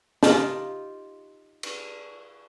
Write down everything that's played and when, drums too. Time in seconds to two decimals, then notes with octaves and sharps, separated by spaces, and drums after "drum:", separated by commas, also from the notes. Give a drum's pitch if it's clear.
0.23 D#4 F4 G4 D#5, drum: snare
1.63 drum: cymbal